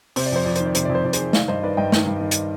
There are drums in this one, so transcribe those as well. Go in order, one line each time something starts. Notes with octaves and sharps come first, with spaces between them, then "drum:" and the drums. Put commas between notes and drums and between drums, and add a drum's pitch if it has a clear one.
C3 C5, drum: open hi-hat
D5
F2 C5
F2 D5
D#3 C5, drum: hi-hat
D5
C3 C5, drum: hi-hat
F2 D5
C5
F2 D5
G#4 C5, drum: hi-hat
D#3
D#3 D5 F5, drum: snare
G2 C5 D#5
D#3 B4 D5
G2 D#5 G5
D#3, drum: snare
G2
D#3
drum: hi-hat